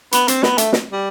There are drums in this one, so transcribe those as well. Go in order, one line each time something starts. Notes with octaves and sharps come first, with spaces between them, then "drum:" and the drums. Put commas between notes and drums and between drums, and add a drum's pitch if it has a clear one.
B3, drum: hi-hat
C4, drum: hi-hat
B3, drum: snare
A3, drum: hi-hat
drum: snare
G3